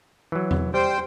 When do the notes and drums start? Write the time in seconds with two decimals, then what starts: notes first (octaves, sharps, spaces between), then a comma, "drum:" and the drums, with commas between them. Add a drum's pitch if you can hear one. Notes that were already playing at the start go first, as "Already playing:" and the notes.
0.32 E3 F#3
0.51 drum: tom E2
0.74 G3 C5 G5